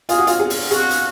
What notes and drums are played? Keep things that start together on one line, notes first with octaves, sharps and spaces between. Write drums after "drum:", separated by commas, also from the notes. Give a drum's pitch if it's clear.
F4 G#4, drum: hi-hat
F#4
F4, drum: hi-hat
G#4
drum: open hi-hat
F#4 G#4, drum: hi-hat
drum: hi-hat